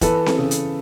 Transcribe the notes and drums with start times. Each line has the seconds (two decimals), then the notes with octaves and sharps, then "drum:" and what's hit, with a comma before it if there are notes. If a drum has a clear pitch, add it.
0.01 E3 A4 B4, drum: kick, hi-hat
0.26 drum: snare C4
0.38 C#3
0.51 drum: hi-hat